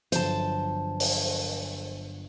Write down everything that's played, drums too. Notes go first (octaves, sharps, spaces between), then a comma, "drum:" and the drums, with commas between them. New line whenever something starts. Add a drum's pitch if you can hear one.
G1 F3 F#3 C5 A5, drum: hi-hat
drum: open hi-hat